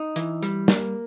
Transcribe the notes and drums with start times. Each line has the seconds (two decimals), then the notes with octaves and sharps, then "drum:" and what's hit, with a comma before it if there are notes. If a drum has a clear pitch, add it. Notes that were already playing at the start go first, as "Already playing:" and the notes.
Already playing: D#4
0.16 E3, drum: hi-hat
0.43 G3, drum: hi-hat
0.68 A#3, drum: snare